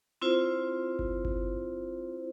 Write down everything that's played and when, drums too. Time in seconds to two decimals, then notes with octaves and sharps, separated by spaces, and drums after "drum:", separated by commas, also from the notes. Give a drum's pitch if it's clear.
0.22 C4 E4 F4 C5
0.99 drum: kick G1
1.25 drum: kick G1